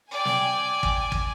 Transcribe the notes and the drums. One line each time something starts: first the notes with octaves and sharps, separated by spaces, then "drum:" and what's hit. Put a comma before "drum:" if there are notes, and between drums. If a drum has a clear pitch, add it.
D5 G5 G#5
drum: snare
drum: kick
G#5
drum: kick